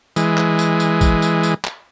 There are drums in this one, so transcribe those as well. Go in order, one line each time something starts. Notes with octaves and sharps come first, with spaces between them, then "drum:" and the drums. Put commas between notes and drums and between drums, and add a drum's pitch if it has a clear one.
E3 G#3, drum: tambourine
drum: clap
drum: tambourine
drum: tambourine
drum: kick A1, tambourine
drum: tambourine
drum: tambourine
drum: clap